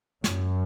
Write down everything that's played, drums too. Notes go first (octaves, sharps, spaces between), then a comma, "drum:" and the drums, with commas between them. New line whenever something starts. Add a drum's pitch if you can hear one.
F#2, drum: snare